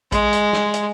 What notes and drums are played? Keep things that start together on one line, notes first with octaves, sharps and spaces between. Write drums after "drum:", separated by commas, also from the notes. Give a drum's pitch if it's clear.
G#3, drum: kick, hi-hat
drum: hi-hat
drum: snare
drum: hi-hat